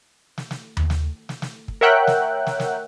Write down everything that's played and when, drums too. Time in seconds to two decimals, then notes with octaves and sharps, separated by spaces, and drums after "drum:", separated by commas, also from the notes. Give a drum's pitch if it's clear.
0.38 drum: snare
0.51 drum: snare
0.77 drum: tom D#2
0.90 drum: snare
1.29 drum: snare
1.42 drum: snare
1.68 drum: kick
1.81 A#4 C#5 E5 F#5 G5 F#6
2.07 drum: snare
2.47 drum: snare
2.60 drum: snare